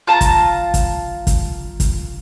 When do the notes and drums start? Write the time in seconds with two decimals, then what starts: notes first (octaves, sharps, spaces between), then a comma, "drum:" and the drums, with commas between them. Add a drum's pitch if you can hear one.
0.07 F4 A5 A#5
0.21 drum: kick, hi-hat
0.74 drum: kick, hi-hat
1.27 drum: kick, hi-hat
1.80 drum: kick, hi-hat